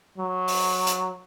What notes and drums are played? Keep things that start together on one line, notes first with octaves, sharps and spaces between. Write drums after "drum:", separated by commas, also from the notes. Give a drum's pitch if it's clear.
F#3
drum: open hi-hat
drum: hi-hat